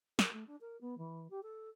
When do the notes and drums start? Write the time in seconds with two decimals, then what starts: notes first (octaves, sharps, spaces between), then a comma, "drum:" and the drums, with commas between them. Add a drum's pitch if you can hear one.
0.19 A#4, drum: snare
0.33 A3
0.47 D4
0.61 A#4
0.81 B3
0.98 E3
1.30 G4
1.43 A4